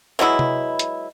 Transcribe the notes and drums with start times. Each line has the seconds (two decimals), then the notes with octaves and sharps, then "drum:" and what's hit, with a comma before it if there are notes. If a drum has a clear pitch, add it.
0.19 E3 F#3 G#3 E4
0.39 drum: tom C3
0.79 drum: hi-hat